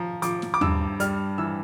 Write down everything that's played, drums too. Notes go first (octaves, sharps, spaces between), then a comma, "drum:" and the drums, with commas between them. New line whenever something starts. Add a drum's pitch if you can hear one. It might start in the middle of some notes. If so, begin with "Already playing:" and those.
Already playing: F3 A#5
F3 D6, drum: hi-hat
drum: snare
D6
G2 E6, drum: tom D#2
G3 F6, drum: hi-hat
E3 E6